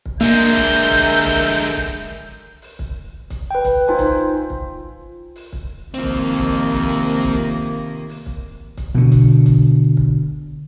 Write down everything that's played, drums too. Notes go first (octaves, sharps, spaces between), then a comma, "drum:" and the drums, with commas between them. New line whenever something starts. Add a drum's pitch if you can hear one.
drum: kick
D3 G#3 A#3 A#4 E5 G6
drum: kick, hi-hat
drum: kick, hi-hat
drum: kick, hi-hat
drum: kick
drum: open hi-hat
drum: kick
drum: kick, hi-hat
B4 G5
drum: kick, hi-hat
D#4 F4 C5 G#5
drum: kick, hi-hat
F4
drum: kick
drum: open hi-hat
drum: kick
C3 D#3 F3 A#3 C4
drum: kick
drum: kick, hi-hat
drum: kick
drum: kick
drum: open hi-hat
drum: kick
drum: kick, hi-hat
B2 D3
drum: kick, hi-hat
drum: kick, hi-hat
drum: kick